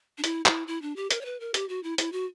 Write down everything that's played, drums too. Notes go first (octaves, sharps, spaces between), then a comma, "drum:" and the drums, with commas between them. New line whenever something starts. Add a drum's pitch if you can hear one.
D4
E4, drum: hi-hat
E4, drum: clap
E4
D4
G4
A#4, drum: hi-hat
C#5
B4
A#4
G4, drum: hi-hat
F#4
E4
E4, drum: hi-hat
F#4